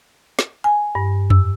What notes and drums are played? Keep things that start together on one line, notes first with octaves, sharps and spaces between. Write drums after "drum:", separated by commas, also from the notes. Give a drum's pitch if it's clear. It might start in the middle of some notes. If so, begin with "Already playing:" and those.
drum: snare
G#5
G2
E6, drum: tom F2